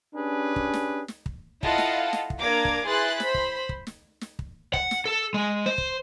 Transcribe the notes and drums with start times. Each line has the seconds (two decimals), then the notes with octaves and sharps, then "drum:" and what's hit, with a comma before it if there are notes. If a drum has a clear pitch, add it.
0.15 C#4 D4 G4 G#4 B4
0.56 drum: kick
0.74 drum: snare
1.08 drum: snare
1.26 drum: kick
1.63 E4 F4 A4 D#5 F5 F#5, drum: kick
1.78 drum: snare
2.13 drum: snare
2.30 drum: kick
2.41 A#3 D4 A#5 D6 G#6
2.65 drum: kick
2.86 E4 G#4 B4 C6 F#6 A6
3.20 C5 B5, drum: snare
3.34 drum: kick
3.69 drum: kick
3.87 drum: snare
4.21 drum: snare
4.39 drum: kick
4.74 F#5, drum: kick
4.91 drum: snare
5.05 A4
5.34 G#3
5.66 C5
5.78 drum: kick